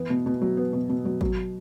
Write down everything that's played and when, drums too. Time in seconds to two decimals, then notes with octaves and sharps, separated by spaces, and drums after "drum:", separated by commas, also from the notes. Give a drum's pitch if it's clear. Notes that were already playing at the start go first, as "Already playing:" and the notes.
Already playing: E3 B3
0.10 B2
0.26 B2
0.41 F#3
0.57 B3
0.73 B2
0.89 B2
1.05 F#3
1.21 F#3, drum: kick G#1